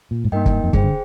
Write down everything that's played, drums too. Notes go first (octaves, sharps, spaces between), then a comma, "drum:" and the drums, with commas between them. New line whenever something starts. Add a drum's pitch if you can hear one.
A#2
G#2
G2 A#3 D#4 A#4 D#5 G5
drum: kick
F2
G2 G#4 C5 G5, drum: kick
D3